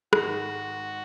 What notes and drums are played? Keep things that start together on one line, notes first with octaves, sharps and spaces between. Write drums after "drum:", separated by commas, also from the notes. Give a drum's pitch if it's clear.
G#2 D#3 G#3 F#4, drum: rim click